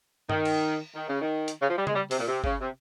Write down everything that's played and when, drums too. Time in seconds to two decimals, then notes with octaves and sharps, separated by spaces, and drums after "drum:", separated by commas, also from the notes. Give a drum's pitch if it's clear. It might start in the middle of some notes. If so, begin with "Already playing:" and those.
0.30 D#3, drum: tom G2
0.45 drum: cymbal
0.95 D#3
1.08 C#3
1.21 D#3
1.48 drum: hi-hat
1.61 C#3
1.69 F3
1.78 G3
1.87 G#3, drum: tom C#3
1.95 G3
2.11 C3, drum: open hi-hat
2.19 A#2
2.28 C3
2.44 C#3, drum: kick G1
2.61 C3